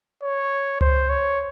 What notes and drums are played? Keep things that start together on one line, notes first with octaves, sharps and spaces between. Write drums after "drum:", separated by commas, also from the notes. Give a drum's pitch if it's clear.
C#5
C5, drum: tom C#2
C#5